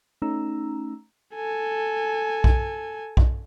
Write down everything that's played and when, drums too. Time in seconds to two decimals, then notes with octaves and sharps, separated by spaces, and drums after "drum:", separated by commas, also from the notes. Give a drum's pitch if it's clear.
0.22 A3 C#4 D#4 A#5 E6
1.35 A4 G#5
2.44 drum: kick B1
3.17 drum: kick B1